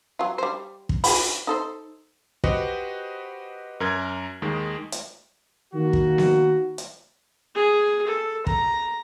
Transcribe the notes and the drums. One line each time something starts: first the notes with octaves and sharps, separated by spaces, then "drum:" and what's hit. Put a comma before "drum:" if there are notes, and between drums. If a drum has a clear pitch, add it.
F#3 F4
G3 C5
drum: kick
B5, drum: open hi-hat
D#4 A4 C5
F#4 G4 B4 C5 D#5 F#5, drum: kick
F#2 A#4 G#6
D#2 D#3 G#3
drum: hi-hat
D#3 A#3 F#4
drum: kick
drum: snare B3
drum: hi-hat
G#4
A4
A#5, drum: kick